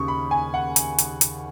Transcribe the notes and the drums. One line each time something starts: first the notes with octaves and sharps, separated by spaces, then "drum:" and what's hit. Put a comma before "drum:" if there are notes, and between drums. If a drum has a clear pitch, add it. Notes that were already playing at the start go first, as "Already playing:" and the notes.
Already playing: D#2 C#3 C#6 D#6
B5
G#5
F#5
drum: hi-hat
drum: hi-hat
drum: hi-hat